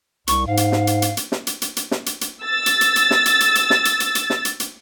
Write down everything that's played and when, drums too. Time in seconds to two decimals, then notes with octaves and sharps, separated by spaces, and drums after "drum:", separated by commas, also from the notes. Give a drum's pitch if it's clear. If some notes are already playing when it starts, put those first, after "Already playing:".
0.27 C2 C#6, drum: hi-hat
0.47 G#2 F5
0.57 drum: hi-hat
0.72 drum: snare
0.87 drum: hi-hat
1.02 drum: hi-hat
1.17 drum: hi-hat
1.32 drum: snare
1.47 drum: hi-hat
1.62 drum: hi-hat
1.77 drum: hi-hat
1.91 drum: snare
2.06 drum: hi-hat
2.21 drum: hi-hat
2.44 E6 A6
2.66 drum: hi-hat
2.81 drum: hi-hat
2.96 drum: hi-hat
3.11 drum: snare
3.26 drum: hi-hat
3.40 drum: hi-hat
3.55 drum: hi-hat
3.70 drum: snare
3.85 drum: hi-hat
4.00 drum: hi-hat
4.15 drum: hi-hat
4.30 drum: snare
4.45 drum: hi-hat
4.60 drum: hi-hat